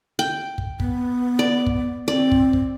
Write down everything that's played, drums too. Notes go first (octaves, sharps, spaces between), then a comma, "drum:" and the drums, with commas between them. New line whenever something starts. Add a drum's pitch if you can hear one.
G5
drum: kick
B3, drum: kick
D5
drum: kick
C4 D5
drum: kick
drum: kick